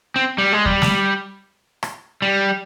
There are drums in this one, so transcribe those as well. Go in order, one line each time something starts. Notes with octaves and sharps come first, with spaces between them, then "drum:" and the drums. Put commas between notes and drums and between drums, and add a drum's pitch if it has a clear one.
C4
G3
G#3
G3, drum: kick D#2
drum: snare
drum: rim click
G3